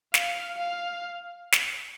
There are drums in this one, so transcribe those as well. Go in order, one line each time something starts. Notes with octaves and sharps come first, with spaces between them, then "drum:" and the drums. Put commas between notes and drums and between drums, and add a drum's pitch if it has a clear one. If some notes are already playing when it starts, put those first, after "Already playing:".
F5, drum: snare
F5
drum: snare